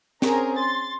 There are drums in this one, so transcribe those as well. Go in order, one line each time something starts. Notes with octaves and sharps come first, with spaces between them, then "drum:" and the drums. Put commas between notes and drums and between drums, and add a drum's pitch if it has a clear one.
C4 C#4 G#4 A#4 A#5, drum: snare
C6 A6